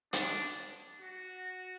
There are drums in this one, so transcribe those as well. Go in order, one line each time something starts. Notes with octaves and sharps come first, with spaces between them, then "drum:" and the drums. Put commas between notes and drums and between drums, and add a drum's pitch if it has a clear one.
D4, drum: hi-hat
F#4